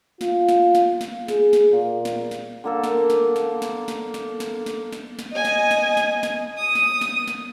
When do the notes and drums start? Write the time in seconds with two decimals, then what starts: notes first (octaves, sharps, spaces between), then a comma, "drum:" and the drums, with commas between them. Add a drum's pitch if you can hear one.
0.21 F4, drum: snare
0.49 drum: snare
0.75 drum: snare
1.01 drum: snare
1.28 G#4, drum: snare
1.53 drum: snare
1.71 A#2
2.05 drum: snare
2.31 drum: snare
2.64 D3 A#3 A4
2.84 drum: snare
3.10 drum: snare
3.36 drum: snare
3.62 drum: snare
3.88 drum: snare
4.14 drum: snare
4.40 drum: snare
4.66 drum: snare
4.92 drum: snare
5.19 drum: snare
5.32 D#5 G#5
5.45 drum: snare
5.71 drum: snare
5.97 drum: snare
6.23 drum: snare
6.58 D#6
6.75 drum: snare
7.01 drum: snare
7.28 drum: snare